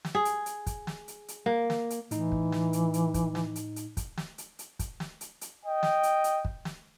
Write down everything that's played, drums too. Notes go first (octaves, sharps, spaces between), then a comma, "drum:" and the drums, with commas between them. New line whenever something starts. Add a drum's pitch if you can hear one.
drum: snare
G#4
drum: hi-hat
drum: hi-hat
drum: kick, hi-hat
drum: snare
drum: hi-hat
drum: hi-hat
A#3
drum: snare
drum: hi-hat
A2 E3 D#4, drum: hi-hat
drum: kick
drum: snare
drum: hi-hat
drum: hi-hat
drum: kick, hi-hat
drum: snare
drum: hi-hat
drum: hi-hat
drum: kick, hi-hat
drum: snare
drum: hi-hat
drum: hi-hat
drum: kick, hi-hat
drum: snare
drum: hi-hat
drum: hi-hat
D#5 G5
drum: snare
drum: hi-hat
drum: hi-hat
drum: kick
drum: snare